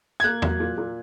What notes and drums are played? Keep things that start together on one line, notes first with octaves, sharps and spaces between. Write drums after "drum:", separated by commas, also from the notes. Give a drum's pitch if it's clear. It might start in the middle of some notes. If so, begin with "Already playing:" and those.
G#6
A#3 F#6
F#3, drum: tom E2
A#2
A#2